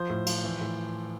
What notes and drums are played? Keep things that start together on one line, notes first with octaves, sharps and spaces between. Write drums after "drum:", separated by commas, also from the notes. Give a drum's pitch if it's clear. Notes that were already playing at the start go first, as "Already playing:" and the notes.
Already playing: F3 C5
A2
F3, drum: cymbal
E3
A2